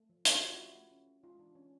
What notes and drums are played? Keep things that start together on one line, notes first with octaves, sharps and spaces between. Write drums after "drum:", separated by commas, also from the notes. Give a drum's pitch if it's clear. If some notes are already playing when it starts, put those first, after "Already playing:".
Already playing: A3
F3
F3 G4, drum: hi-hat
F#4
C#4 F4
E4 F#4
A3
A3
C#4
C#4
G#3 D#4 F4
E3 D4
E3 C#4 D#4